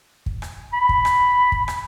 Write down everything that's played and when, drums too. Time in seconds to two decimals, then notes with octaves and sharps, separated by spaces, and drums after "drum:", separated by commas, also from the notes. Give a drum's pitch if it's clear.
0.26 drum: kick
0.42 drum: rim click
0.73 B5
0.89 drum: kick
1.05 drum: rim click
1.52 drum: kick
1.68 drum: rim click